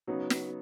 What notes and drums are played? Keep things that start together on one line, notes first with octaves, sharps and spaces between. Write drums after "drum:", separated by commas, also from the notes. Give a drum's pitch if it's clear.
C#3 F#3 B3 D#4 F#4
drum: snare